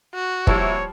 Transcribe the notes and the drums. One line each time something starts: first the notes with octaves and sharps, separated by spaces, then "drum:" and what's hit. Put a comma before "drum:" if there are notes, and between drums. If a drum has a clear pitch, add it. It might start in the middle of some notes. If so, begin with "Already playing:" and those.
F#4
F3 G3 A#3 C4 E4 C#5 E6, drum: kick